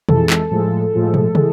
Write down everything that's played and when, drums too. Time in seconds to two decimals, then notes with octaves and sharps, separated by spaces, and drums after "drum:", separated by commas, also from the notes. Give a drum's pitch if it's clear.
0.09 F2 E3 G#3 A4, drum: tom
0.30 drum: clap
0.51 A2 F3 G#3
0.93 A2 F3 G#3
1.14 drum: tom
1.35 E3 G#3, drum: tom